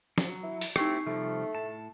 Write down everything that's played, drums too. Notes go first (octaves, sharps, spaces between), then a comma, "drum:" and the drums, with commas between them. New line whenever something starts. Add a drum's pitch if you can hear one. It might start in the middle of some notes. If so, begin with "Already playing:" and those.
F#3, drum: snare
E4
drum: open hi-hat
A3 C4 D#4 E4 G4 C#6 C7, drum: rim click
C3 F3 G3 A3
A2 A5